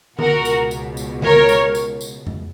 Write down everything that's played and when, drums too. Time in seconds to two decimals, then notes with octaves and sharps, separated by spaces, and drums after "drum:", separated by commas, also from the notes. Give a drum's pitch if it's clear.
0.19 C#2 B2 F#4 A#4, drum: tom D3
0.45 drum: tambourine
0.71 drum: tambourine
0.97 drum: tambourine
1.22 A#4 C#5, drum: tom D3
1.49 drum: tambourine
1.75 drum: tambourine
2.01 drum: tambourine
2.27 drum: tom F2